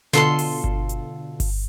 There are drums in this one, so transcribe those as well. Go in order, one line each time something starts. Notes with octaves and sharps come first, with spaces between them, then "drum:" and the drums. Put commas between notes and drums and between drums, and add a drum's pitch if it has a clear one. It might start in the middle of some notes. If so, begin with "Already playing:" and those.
B2 D3 F4 A4 C6, drum: snare
drum: open hi-hat
drum: kick G1
drum: hi-hat
drum: kick G1, open hi-hat